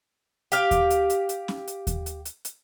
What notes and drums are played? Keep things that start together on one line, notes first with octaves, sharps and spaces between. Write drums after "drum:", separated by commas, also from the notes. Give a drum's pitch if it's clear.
G4 F5, drum: hi-hat
drum: kick D#2, hi-hat
drum: hi-hat
drum: hi-hat
drum: hi-hat
drum: snare C#4
drum: hi-hat
drum: kick D#2, hi-hat
drum: hi-hat
drum: hi-hat
drum: hi-hat